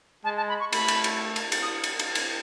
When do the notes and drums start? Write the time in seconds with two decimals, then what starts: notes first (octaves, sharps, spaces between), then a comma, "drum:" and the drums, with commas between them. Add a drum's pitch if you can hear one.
0.24 G#3 A5
0.37 A5
0.49 B5
0.60 C#6
0.73 A3 B5, drum: cymbal
0.88 drum: cymbal
1.04 drum: cymbal
1.36 drum: cymbal
1.52 drum: cymbal
1.62 D#6
1.84 drum: cymbal
1.99 drum: cymbal
2.15 drum: cymbal